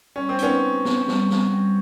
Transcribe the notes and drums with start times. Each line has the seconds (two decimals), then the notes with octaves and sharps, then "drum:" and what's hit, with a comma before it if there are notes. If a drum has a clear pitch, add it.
0.16 G3 C#4
0.29 C4
0.39 B3 C#4 D#4, drum: hi-hat
0.61 C4
0.85 C4, drum: snare
1.08 G3, drum: snare
1.30 C4, drum: snare
1.53 G3